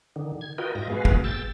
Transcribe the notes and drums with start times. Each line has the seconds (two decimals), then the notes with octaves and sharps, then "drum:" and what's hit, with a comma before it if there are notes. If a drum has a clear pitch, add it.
0.16 D3 D#3
0.41 G#6
0.58 F4 F#4 A#4 B4 D#5 G5
0.75 G#2 F4 D#5 E5 A#6
0.90 G#3 B3 F#4 G#4 B4 F5
1.05 drum: kick
1.24 G5 E6 A6